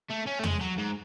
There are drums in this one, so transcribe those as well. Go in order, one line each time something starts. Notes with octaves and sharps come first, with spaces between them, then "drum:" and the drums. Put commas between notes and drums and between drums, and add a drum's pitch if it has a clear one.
A3
C#4
A3
G#3, drum: tom
F#3
G#2